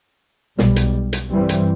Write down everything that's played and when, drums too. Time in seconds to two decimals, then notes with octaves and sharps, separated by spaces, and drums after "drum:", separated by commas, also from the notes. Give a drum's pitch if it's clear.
0.59 B1 B2 G3, drum: snare
0.76 drum: hi-hat
1.13 drum: hi-hat
1.31 G2 E3 G3 C4
1.49 drum: hi-hat